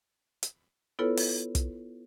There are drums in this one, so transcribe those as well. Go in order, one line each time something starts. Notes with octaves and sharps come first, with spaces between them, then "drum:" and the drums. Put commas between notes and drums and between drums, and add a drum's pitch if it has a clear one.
drum: hi-hat
B3 E4 F4 A4 B4 C#5
drum: open hi-hat
drum: kick, hi-hat